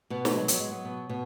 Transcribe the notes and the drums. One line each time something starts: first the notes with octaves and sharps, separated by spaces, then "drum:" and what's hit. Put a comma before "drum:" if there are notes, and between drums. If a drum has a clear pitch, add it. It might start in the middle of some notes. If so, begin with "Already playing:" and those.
B2 B3
A3, drum: snare
F#3 G#3
F#3, drum: hi-hat
F#3 G#3
B3
B2
B2